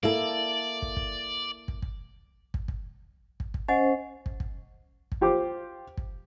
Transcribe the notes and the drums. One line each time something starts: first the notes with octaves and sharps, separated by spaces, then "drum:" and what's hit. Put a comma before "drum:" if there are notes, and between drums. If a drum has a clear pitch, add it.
A#3 E4 A4 D5
drum: kick
drum: kick
drum: kick
drum: kick
drum: kick
drum: kick
drum: kick
drum: kick
C#4 C5 D#5 F#5 G#5
drum: kick
drum: kick
drum: kick
F4 G4 C5 D6
drum: kick